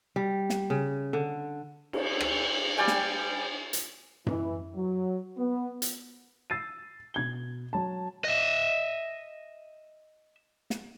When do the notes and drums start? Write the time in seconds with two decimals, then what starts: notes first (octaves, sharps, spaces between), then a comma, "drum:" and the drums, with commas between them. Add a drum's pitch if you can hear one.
0.16 G3
0.50 drum: snare
0.70 C#3
1.13 D3
1.93 drum: cymbal
2.21 drum: rim click
2.77 G3 D5 G5 G#5
2.88 drum: snare
3.73 drum: hi-hat
4.26 E3, drum: tom F#2
4.75 F#3
5.37 B3
5.82 drum: hi-hat
6.50 E6 A6 C7 D#7
7.14 B2 G#6 G7
7.73 F#3 A5
8.24 D#5 E5
10.70 drum: snare